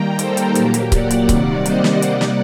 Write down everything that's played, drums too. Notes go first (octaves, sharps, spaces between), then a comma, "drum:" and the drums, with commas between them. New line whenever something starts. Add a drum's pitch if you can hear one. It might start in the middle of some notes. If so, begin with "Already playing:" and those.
Already playing: D#3 G3 A#3 G5 A#5
A4 C5, drum: hi-hat
drum: hi-hat
A#2 F#3 A#3 G4, drum: hi-hat
drum: hi-hat
D5 F#5, drum: kick C#1, hi-hat
drum: hi-hat
C3 D#3 G3 A#3 D5 F#5, drum: kick C#1, hi-hat
C5 D#5, drum: hi-hat
drum: snare
C3 G3 A#3 D5 F#5, drum: hi-hat
drum: snare